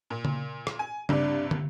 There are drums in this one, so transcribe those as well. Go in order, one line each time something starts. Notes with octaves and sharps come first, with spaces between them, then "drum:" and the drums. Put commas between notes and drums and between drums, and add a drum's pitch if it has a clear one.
A#2
drum: tom C#3
drum: rim click
G#5
C2 G2 C3 D4 D5, drum: tom C#3
drum: tom